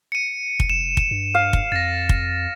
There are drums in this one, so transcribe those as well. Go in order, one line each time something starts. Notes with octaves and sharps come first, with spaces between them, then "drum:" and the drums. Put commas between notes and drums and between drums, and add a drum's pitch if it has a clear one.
C#7 D#7
drum: kick
F1 E7
drum: kick
G2
F5
drum: kick
F2 A6 A#6
drum: kick